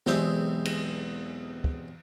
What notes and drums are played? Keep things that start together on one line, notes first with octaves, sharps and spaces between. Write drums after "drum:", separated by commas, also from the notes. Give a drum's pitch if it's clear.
B1 E2 G#3 C4 G4 E5, drum: snare
drum: cymbal
drum: kick